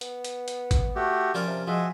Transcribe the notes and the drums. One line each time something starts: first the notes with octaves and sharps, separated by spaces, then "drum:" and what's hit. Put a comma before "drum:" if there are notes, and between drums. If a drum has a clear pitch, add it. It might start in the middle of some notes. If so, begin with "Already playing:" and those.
B3, drum: hi-hat
drum: hi-hat
drum: hi-hat
drum: kick A1, hi-hat
A3 F#4 G4
F3 G3 C#4 A#4 D5
C3
F3 G#3 F#4 G#4 E5